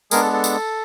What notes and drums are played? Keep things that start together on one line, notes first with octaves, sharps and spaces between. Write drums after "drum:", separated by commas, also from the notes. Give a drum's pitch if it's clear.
G#3 B3 D4 G#4 A#4, drum: tambourine
A4
A4
drum: tambourine